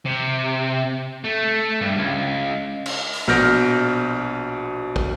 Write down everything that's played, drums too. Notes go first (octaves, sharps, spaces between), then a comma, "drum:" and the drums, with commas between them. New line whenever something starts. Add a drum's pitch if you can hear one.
C3
A3
G2
C#2
drum: cymbal
drum: open hi-hat
A#1 B2 F6 G6 A#6 D7, drum: snare
drum: kick